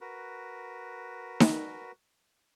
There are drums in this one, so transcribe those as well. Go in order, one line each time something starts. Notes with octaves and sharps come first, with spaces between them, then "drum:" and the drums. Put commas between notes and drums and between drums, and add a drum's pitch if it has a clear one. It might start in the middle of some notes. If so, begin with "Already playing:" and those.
F#4 A#4 B4
drum: snare D#4